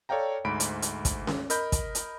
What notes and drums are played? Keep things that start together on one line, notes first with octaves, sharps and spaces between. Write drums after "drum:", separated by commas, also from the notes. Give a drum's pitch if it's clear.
A4 C#5 D5 F5 G5 A#5
D2 G#2 B5 D7
drum: hi-hat
drum: hi-hat
drum: kick, hi-hat
drum: snare C#4
A#4 D#5 B5 G6, drum: hi-hat
drum: kick, hi-hat
drum: hi-hat